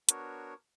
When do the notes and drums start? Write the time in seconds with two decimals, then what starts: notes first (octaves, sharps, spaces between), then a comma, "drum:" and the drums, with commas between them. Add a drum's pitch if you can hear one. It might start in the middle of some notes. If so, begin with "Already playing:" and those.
0.09 B3 D4 F#4 A#4 C#5, drum: hi-hat